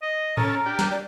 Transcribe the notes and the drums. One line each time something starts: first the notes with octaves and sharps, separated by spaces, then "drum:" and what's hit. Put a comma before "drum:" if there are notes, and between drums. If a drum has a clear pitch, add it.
D#5
C#4 A4 A#4 A#5, drum: tom A2
D4 G4
drum: snare
D5